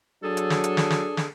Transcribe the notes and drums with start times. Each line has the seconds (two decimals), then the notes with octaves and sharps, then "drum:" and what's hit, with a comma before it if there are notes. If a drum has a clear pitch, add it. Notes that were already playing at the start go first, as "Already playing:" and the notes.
0.23 F#3 D4 G#4 A4
0.37 drum: hi-hat
0.50 drum: snare
0.64 drum: hi-hat
0.77 drum: snare
0.90 drum: snare
1.17 drum: snare